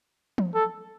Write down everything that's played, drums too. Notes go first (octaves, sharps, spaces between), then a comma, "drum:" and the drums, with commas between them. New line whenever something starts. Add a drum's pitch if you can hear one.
drum: tom E3
A4